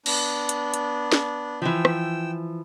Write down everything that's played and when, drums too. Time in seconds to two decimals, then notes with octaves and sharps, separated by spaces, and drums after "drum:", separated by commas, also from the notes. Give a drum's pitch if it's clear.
0.06 B3 D4, drum: cymbal
0.49 drum: hi-hat
0.74 drum: hi-hat
1.12 drum: snare
1.62 E3 F3 G5 E6
1.85 drum: rim click